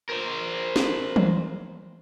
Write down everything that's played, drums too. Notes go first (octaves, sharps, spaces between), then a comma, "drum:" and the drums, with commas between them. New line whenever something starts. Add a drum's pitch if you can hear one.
A#4 C5
drum: snare
drum: tom E3